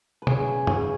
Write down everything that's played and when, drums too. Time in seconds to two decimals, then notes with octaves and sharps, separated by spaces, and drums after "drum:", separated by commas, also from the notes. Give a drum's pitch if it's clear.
0.22 B4
0.27 C#3 F#3 C#4 G#4, drum: tom
0.48 B4
0.67 C#3 F#3 C#4 G#5, drum: tom